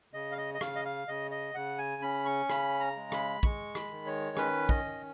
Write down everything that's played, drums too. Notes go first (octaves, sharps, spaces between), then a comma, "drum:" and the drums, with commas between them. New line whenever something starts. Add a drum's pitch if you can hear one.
C#3 D#5
F5
D#5
D#5
C#3 F5, drum: rim click
D#5
F5
C#3 D#5
D#5
C#3 F#5
G#5
C#4 B5
C#6
C#3 B5, drum: rim click
A#5
G#3
B5, drum: rim click
G#3 C#6, drum: kick
B5, drum: rim click
D#3
C#5
C#4 B4, drum: rim click
D#5, drum: kick
D#3